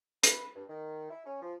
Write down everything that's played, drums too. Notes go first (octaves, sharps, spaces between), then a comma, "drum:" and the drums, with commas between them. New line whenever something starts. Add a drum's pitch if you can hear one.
B4, drum: hi-hat
G2
D#3
E4
C#4
F3